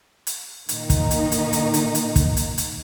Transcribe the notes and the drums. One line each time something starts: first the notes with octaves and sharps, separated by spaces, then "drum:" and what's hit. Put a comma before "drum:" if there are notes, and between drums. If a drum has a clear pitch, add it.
drum: hi-hat
A#2 D#3 D#4, drum: hi-hat
drum: kick, hi-hat
drum: hi-hat
drum: hi-hat
drum: hi-hat
drum: hi-hat
drum: hi-hat
drum: kick, hi-hat
drum: hi-hat
drum: hi-hat